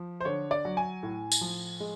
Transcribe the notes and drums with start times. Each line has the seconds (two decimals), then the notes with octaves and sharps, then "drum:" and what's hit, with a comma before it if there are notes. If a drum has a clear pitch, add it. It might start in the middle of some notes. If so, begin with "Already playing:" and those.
Already playing: F3
0.20 C5
0.25 D3 C#5
0.51 D5
0.65 F#3
0.77 G#5
1.03 A2
1.32 drum: tambourine
1.41 F3
1.80 G#3